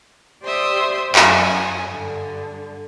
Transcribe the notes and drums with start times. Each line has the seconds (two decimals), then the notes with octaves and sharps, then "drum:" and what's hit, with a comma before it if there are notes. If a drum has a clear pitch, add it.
0.45 G4 C5 D5 E5 C6 D#6
1.15 F#2 G#5 D#6, drum: clap
1.87 G2 D3